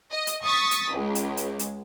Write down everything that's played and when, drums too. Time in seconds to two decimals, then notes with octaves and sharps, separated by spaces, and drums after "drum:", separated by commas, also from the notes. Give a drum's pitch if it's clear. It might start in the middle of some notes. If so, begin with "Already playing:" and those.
0.11 D#5
0.27 drum: hi-hat
0.44 C#6 D#6 A6 B6
0.71 drum: hi-hat
0.93 C#2 G#3
1.15 drum: hi-hat
1.37 drum: hi-hat
1.59 drum: hi-hat